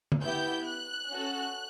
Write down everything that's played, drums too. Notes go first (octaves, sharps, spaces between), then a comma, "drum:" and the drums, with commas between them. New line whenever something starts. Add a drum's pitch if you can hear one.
drum: tom D3
B3 E4 G4 G6
F#6
C#4 F#4 A4